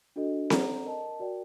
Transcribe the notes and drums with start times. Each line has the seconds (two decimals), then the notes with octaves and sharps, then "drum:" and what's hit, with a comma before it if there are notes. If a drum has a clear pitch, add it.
0.16 D4 F#4 A4 D#5
0.50 A4 D5 F#5 A#5, drum: snare C4
0.85 A#4 D#5 A5
1.20 F#4 A#4 D5 G5